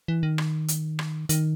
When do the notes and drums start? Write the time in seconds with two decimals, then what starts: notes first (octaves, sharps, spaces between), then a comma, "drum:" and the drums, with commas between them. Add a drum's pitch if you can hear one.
0.08 E3
0.23 D#3
0.38 drum: rim click
0.68 drum: hi-hat
0.99 drum: rim click
1.29 D#3, drum: hi-hat